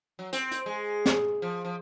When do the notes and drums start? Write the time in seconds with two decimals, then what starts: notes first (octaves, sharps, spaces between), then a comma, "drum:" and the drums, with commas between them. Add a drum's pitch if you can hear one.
0.19 F#3
0.33 C4, drum: hi-hat
0.51 drum: hi-hat
0.66 G#3
1.06 drum: snare
1.42 F3
1.65 F3